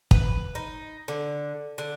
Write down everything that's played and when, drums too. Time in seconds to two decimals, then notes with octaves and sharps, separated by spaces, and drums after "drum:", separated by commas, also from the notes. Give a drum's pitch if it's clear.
0.11 B4, drum: kick
0.55 D#4
1.08 D3
1.78 D3